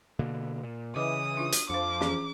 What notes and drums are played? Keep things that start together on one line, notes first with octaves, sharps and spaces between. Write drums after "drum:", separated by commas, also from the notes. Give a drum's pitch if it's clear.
B2 D3 A#3
A#2
C#3 E3 D#5 D6 D#6
D4 F4
drum: hi-hat
F2 F3 D4 C5 D6
E3 C#4 G#4, drum: snare